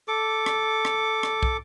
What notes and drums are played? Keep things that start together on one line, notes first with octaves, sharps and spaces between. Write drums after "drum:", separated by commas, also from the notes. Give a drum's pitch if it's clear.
A4 D6
drum: rim click
drum: rim click
drum: rim click
drum: kick